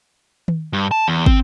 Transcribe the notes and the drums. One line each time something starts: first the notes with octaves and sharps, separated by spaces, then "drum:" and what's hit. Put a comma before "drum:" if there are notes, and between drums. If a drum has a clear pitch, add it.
drum: tom D#3
G2
A5
E2
C4, drum: kick